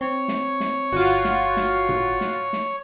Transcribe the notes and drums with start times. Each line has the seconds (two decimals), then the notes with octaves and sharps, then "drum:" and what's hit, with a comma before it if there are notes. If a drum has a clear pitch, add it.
0.01 C4 C#5
0.28 drum: snare
0.60 drum: snare
0.92 G1 F4 F#4
1.25 drum: snare
1.57 drum: snare
1.89 drum: tom A2
2.21 drum: snare
2.53 drum: snare